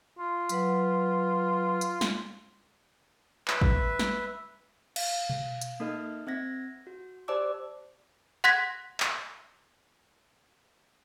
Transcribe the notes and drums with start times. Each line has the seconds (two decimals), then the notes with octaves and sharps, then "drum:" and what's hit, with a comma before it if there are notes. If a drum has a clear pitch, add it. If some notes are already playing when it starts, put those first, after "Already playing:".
0.19 F4
0.49 F#3 B4 F#5, drum: hi-hat
1.81 drum: hi-hat
2.01 drum: snare
3.48 B4 E5, drum: clap
3.62 drum: kick A1
3.99 drum: snare
4.96 F5, drum: cymbal
5.30 drum: tom B2
5.61 drum: hi-hat
5.80 A#3 D#4 A4 D#5 F6
6.27 C4 E5 G#6 A#6 B6
6.87 F#4
7.28 G4 C5 D5 A5 D6 E6
8.44 F#5 C6 F#6 G#6 A#6 B6
9.00 drum: clap